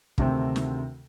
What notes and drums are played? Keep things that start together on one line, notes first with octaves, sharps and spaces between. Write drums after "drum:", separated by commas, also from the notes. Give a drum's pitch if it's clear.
D2 C3 D#3 A3 C4, drum: kick
drum: snare